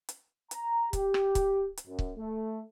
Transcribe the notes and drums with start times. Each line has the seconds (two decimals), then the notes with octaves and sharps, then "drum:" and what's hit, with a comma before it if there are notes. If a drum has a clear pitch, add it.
0.09 drum: hi-hat
0.51 A#5, drum: hi-hat
0.93 G4, drum: kick C#1, hi-hat
1.14 drum: rim click
1.35 drum: kick C#1, hi-hat
1.77 drum: hi-hat
1.87 F#2
1.99 drum: kick C#1
2.17 A3